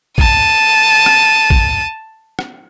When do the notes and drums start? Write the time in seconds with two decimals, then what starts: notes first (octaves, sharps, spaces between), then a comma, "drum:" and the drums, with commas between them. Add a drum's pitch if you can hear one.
0.18 A5 D#7, drum: kick
1.06 drum: rim click
1.50 drum: kick
2.39 drum: rim click